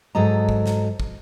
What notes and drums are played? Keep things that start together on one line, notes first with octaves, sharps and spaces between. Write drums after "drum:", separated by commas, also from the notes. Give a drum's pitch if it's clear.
G#2 F#3 A4 D#5 A#5
drum: kick
drum: snare
drum: kick